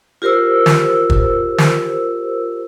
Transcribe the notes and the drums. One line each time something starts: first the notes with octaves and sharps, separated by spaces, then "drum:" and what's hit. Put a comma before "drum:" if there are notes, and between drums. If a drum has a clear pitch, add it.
F4 G4 A#4 C5 E6
drum: snare
drum: kick
drum: snare